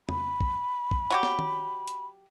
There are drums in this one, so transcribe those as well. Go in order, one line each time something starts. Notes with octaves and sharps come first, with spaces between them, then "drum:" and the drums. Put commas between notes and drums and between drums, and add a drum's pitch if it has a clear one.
B5, drum: tom
drum: kick
drum: kick
F#3 F#4 G4
drum: snare
drum: tom D#3
drum: hi-hat